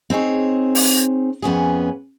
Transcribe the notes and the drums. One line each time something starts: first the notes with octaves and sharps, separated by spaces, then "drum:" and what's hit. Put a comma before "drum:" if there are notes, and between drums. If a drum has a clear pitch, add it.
C4 D#4 G#4 C#5
drum: open hi-hat
F2 B3 C#4 G#4